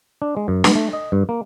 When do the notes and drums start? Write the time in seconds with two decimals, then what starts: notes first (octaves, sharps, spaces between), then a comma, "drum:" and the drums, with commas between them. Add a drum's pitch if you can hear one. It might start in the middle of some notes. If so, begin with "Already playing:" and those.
0.22 D4
0.37 G#3
0.48 F#2
0.64 B3, drum: snare
0.75 A3
0.93 D#5
1.12 G2
1.29 A#3